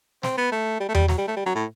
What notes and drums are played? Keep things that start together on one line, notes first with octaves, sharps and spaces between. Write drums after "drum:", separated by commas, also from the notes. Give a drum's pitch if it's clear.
C4, drum: snare
B3
A3
G3
A3
G3, drum: tom E2
F#3, drum: snare
G3
A3
G3
F#3
A2